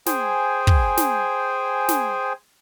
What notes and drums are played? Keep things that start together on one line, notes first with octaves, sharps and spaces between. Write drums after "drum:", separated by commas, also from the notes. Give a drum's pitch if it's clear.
G#4 C5 G5 G#5, drum: snare
drum: kick
drum: snare
drum: snare